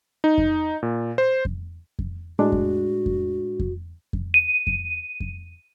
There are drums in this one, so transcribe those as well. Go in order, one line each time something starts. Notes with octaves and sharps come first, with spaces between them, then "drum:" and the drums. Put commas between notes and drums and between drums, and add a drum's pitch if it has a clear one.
D#4
drum: kick F2
A#2
C5
drum: kick F2
drum: kick F2
A2 G#3 D4 F#4
drum: kick F2
drum: kick F2
drum: kick F2
drum: kick F2
D#7
drum: kick F2
drum: kick F2